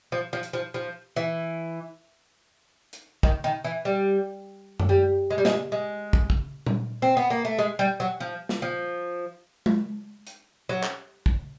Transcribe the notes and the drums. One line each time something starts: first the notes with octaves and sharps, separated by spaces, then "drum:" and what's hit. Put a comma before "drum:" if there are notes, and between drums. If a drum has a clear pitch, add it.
F3
F3
drum: hi-hat
F3
F3
E3
drum: hi-hat
D#3, drum: kick
D#3
E3
G3
drum: tom F#2
G3
G#3
G3
G#3, drum: snare
G#3
drum: kick
drum: kick
drum: tom A#2
C4
B3
A#3
A3
G#3
G3
F#3
F3
drum: snare
F3
drum: tom G#3
drum: hi-hat
F#3
drum: clap
drum: kick